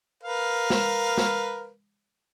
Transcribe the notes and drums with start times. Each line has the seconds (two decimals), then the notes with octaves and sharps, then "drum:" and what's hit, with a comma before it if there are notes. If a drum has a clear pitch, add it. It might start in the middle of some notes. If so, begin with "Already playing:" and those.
0.23 A#4 B4 F5
0.70 drum: snare
1.18 drum: snare